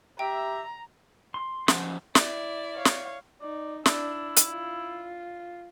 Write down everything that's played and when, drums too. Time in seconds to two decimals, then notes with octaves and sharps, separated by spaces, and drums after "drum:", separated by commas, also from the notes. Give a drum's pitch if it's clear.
0.19 G4 E5 G5 A#5
1.34 C6
1.68 F3 C#4 F#5, drum: snare
2.15 E4 D5, drum: snare
2.75 C#5 F5
2.85 drum: snare
3.42 D#4 D5
3.86 D4 E4, drum: snare
4.37 drum: hi-hat
4.50 F4